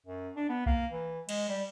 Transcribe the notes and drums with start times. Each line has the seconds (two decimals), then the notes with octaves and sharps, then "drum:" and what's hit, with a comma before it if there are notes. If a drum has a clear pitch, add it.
0.07 F#2
0.36 D4
0.49 B3
0.66 A#3, drum: kick B1
0.91 E3
1.29 G#3, drum: cymbal
1.49 G3